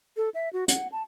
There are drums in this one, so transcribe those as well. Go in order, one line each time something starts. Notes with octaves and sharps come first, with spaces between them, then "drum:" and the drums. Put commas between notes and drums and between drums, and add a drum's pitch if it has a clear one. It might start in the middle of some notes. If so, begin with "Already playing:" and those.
A4
E5
F#4
F#5, drum: hi-hat
A5